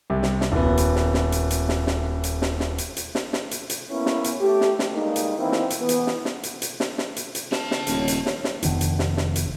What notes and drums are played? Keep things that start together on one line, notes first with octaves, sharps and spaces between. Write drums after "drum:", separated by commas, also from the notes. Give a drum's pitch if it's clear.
C2 C3
drum: snare
drum: snare
D#1 B3
drum: hi-hat
drum: snare
drum: snare
drum: hi-hat
drum: hi-hat
drum: snare
drum: snare
drum: hi-hat
drum: snare
drum: snare
drum: hi-hat
drum: hi-hat
drum: snare
drum: snare
drum: hi-hat
drum: hi-hat
A#3 B3 C#4 E4
drum: snare
drum: hi-hat
A3 G4
drum: snare
drum: snare
G2 G#3 A#3 D#4
drum: hi-hat
D#3 E3 A#3 C4 E4
drum: snare
drum: hi-hat
E3 B3
drum: hi-hat
drum: snare
drum: snare
drum: hi-hat
drum: hi-hat
drum: snare
drum: snare
drum: hi-hat
drum: hi-hat
F#4 A5, drum: snare
drum: snare
D#1 D2 C#5, drum: hi-hat
drum: hi-hat
drum: snare
drum: snare
F1 D#3 B3 D4, drum: hi-hat
drum: hi-hat
drum: snare
drum: snare
drum: hi-hat